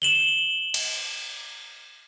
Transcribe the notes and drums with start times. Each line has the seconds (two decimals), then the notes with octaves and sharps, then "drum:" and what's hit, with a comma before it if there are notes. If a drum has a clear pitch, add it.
0.02 E7 F#7 G7
0.74 drum: cymbal